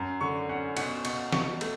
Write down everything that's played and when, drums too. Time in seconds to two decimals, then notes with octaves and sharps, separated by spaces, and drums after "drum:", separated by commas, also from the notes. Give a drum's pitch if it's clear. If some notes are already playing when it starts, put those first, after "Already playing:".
Already playing: F#2
0.21 D3 C#6
0.49 C#4 F#5
0.77 B2 F#5, drum: cymbal
1.05 B2 C#6, drum: cymbal
1.32 B2 C#6, drum: snare
1.61 A3, drum: cymbal